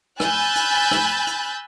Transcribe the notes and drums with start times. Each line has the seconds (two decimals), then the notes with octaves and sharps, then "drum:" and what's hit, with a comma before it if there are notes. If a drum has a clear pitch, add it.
0.20 G#5 B5 E6 F#6 G6 A6, drum: rim click
0.56 drum: hi-hat
0.91 drum: rim click
1.27 drum: hi-hat